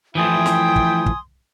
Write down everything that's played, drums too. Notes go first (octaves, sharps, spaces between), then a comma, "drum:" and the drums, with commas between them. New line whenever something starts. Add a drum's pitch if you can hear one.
E3 F3 A3 E4 G5 G#5 C6 D#6
drum: snare
drum: kick
drum: kick